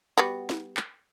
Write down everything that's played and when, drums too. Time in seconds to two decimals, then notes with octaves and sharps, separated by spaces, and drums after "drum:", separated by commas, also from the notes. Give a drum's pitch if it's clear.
0.18 G3 B3 F#4
0.50 drum: snare D#4
0.77 drum: clap